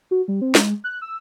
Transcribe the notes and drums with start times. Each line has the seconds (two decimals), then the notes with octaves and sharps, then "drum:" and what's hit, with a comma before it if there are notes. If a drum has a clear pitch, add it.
0.11 F#4
0.28 G3
0.41 C4
0.55 G#3, drum: snare
0.84 F#6
1.02 E6